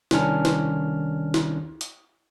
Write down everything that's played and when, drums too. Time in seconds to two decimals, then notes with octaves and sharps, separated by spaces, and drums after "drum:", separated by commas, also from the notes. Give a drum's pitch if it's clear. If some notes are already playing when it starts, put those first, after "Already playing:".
0.11 C2 D#3 C#4 D4 F6, drum: snare
0.45 drum: snare
1.34 drum: snare
1.81 drum: hi-hat